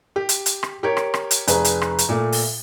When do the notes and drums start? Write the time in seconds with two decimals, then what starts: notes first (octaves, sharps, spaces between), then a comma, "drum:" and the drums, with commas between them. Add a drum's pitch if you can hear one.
0.16 G4
0.29 drum: hi-hat
0.46 drum: hi-hat
0.63 drum: rim click
0.83 G4 A#4 C#5
0.97 drum: rim click
1.14 drum: rim click
1.31 drum: hi-hat
1.48 F1 G#4 B4, drum: hi-hat
1.65 drum: hi-hat
1.82 drum: rim click
1.99 drum: hi-hat
2.09 A#2 A3
2.32 drum: open hi-hat